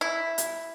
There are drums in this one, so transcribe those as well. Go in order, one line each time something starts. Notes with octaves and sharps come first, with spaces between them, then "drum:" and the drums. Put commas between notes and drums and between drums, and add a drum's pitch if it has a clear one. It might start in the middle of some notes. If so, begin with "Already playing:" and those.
E4
drum: hi-hat